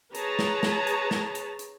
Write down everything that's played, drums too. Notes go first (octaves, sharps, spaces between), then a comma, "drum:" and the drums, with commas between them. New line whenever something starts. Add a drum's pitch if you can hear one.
G#4 B4 C#5 A5 A#5, drum: hi-hat
drum: snare
drum: snare
drum: hi-hat
drum: snare
drum: hi-hat
drum: hi-hat